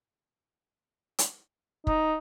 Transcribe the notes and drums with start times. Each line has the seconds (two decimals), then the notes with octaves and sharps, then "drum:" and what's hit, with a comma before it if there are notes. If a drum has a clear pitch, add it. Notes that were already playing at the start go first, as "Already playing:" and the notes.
1.19 drum: hi-hat
1.87 D#4, drum: kick